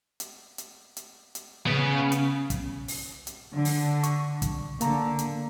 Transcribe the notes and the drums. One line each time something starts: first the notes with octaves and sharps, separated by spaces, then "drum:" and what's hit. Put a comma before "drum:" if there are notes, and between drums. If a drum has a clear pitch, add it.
drum: hi-hat
drum: hi-hat
drum: hi-hat
drum: hi-hat
C#3 B3
drum: hi-hat
drum: kick, hi-hat
drum: open hi-hat
drum: hi-hat
D3
drum: open hi-hat
C#6, drum: hi-hat
drum: kick, hi-hat
D3 A#3 A#5, drum: hi-hat
drum: hi-hat